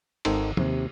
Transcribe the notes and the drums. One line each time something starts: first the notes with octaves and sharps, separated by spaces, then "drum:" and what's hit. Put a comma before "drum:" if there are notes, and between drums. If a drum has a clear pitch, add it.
G#1 D#3 D#4 A4 C5, drum: cymbal
D#2 C3, drum: tom